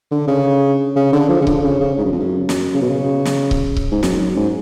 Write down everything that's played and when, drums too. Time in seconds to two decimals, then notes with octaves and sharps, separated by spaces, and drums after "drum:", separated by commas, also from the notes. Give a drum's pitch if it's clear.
0.11 D3
0.28 C#3
0.96 C#3
1.13 D3
1.29 F3
1.42 C#3
1.47 D3, drum: kick C#1
1.64 C#3
1.80 C#3
1.98 G#2
2.05 F#2
2.12 F2
2.19 F#2
2.49 F#2, drum: snare
2.74 C#3
2.82 B2
2.89 C#3
3.25 drum: snare
3.51 drum: kick C#1
3.76 drum: kick C#1
3.92 G#2
4.03 F#2, drum: snare
4.19 F#2
4.36 G#2